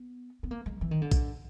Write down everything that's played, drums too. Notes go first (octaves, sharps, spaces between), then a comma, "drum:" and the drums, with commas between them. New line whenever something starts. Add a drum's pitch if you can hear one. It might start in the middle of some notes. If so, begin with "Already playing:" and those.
Already playing: B3
B3
A#3
G#3
E3
D#3
D3
drum: kick, tambourine